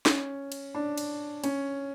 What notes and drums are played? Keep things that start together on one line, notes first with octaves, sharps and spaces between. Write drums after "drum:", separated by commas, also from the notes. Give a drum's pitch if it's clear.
C#4, drum: snare
drum: cymbal
D4
drum: cymbal
C#4, drum: cymbal